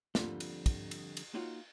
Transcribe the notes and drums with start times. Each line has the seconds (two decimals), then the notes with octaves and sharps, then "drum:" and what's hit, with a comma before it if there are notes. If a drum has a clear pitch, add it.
0.15 D3 F3 G3 A#3 C4 C#4, drum: snare
0.40 drum: cymbal
0.66 drum: kick, cymbal
0.91 drum: cymbal
1.17 drum: cymbal
1.34 A#3 D#4 F4 F#4 C#5